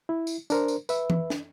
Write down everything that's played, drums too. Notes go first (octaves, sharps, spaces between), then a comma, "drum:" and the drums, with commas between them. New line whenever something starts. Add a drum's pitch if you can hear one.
E4
drum: tambourine
D4 A#4 C5, drum: tambourine
drum: tambourine
B4 E5, drum: tambourine
drum: tom E3
drum: snare